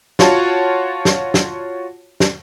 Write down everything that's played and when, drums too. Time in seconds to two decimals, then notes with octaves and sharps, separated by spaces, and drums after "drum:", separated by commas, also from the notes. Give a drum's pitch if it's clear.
0.19 F4 F#4 C#5 F#5 A5, drum: snare
1.05 drum: snare
1.34 drum: snare
2.20 drum: snare